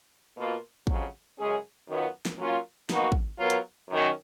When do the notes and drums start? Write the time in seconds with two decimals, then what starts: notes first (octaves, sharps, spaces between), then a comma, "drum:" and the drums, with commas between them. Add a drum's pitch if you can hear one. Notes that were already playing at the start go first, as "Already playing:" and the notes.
0.37 B2 A#3 F4
0.87 F2 C#3 F#3, drum: kick
1.38 F#2 C#3 G#3 C#4 G#4
1.88 F#2 D#3 F#3 B3 F4
2.25 drum: snare
2.39 F#3 A#3 C#4 F4
2.90 B2 A#3 D#4 F#4, drum: snare
3.12 drum: kick
3.39 F#3 B3 F4 A#4
3.50 drum: hi-hat
3.90 F#2 D#3 F#3 C#4